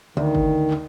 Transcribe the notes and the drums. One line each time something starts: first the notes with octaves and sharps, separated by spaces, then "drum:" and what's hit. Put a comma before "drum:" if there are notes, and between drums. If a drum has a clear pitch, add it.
D2 D#3
drum: kick G1
drum: clap